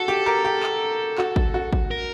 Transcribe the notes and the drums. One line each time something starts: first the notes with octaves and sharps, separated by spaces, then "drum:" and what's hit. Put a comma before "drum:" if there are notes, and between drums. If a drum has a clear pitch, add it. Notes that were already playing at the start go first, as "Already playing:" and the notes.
Already playing: F#4 A4
G4
G4 A#4
G4
drum: clap
F#4, drum: clap
drum: kick G#1
F#4
drum: kick G#1
A#4